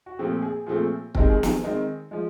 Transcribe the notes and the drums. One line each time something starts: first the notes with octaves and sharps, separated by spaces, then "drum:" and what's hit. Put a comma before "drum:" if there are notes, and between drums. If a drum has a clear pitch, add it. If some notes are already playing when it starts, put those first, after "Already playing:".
F#4
A#2 F3 A3 C4 G4
G#4
A#2 F3 A3 C4 G#4
D#3 G#3 C4 G4, drum: kick
G#4
G4, drum: snare
D#3 G#3 C4
F3 G#3